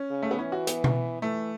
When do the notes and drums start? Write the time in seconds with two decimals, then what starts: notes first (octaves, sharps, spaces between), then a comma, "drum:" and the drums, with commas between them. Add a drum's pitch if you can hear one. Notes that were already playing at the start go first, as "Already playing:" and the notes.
Already playing: C#4
0.10 C#3
0.22 A3
0.31 B3
0.39 E3 C#4
0.52 F#4
0.67 B3, drum: hi-hat
0.84 drum: tom B2
1.22 E3 A3